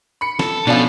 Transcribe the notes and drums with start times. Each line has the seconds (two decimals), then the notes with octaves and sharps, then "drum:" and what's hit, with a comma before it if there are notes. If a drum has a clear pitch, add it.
0.21 B5 C#7
0.39 A4, drum: snare
0.67 B2 F3 C#4 D4